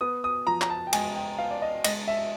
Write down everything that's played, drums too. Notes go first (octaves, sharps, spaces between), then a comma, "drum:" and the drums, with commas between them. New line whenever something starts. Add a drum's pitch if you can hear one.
B3 D#6
D#6
F3 A#5
A#5, drum: clap
A5
G5
G#3 G#5, drum: cymbal
G5
B3 F5
D5
D#5
G#3 D#5, drum: cymbal
E5